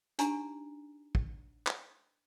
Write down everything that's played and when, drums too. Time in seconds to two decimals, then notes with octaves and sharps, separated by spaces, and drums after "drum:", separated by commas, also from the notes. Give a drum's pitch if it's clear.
0.19 D4 D#4 G4 G#5 A#5, drum: hi-hat
1.15 drum: kick
1.67 drum: clap